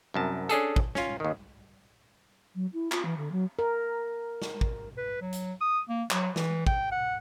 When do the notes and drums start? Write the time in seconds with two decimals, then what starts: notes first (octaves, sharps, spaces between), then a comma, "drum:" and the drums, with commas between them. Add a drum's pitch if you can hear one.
0.14 C2 F#2 A5
0.49 C#4 D4 G#4 A4, drum: hi-hat
0.76 drum: kick
0.95 C#4 F4, drum: snare
1.20 D#2 D#3
2.55 F#3
2.73 E4
2.92 F4, drum: clap
3.05 E3
3.17 D3
3.32 F#3
3.59 A#4
4.42 drum: snare
4.61 drum: kick
4.97 B4
5.21 F#3
5.33 drum: hi-hat
5.61 D#6
5.89 A#3
6.11 F#3, drum: clap
6.36 E3, drum: snare
6.67 G5, drum: kick
6.92 F#5